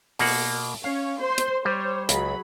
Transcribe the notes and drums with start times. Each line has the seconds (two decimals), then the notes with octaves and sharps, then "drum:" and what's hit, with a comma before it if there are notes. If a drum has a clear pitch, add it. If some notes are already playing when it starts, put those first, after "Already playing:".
0.19 B2 A#3 F#5, drum: open hi-hat
0.84 C#4 C#5 F5
1.20 C5 C6
1.38 drum: hi-hat
1.65 G3 C5 C#5
2.09 C#2 F#3 G#4 B5, drum: hi-hat